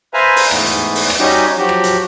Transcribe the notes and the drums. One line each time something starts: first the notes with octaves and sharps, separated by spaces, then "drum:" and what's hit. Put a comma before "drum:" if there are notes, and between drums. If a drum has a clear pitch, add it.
B4 C5 E5 F5 G#5 A#5
drum: open hi-hat
G#2 E3 A3 B3, drum: rim click
drum: hi-hat
drum: open hi-hat
drum: rim click
G3 C#4 D#4 F#4 G4
F3 F#3 F#4 G4
drum: rim click
drum: hi-hat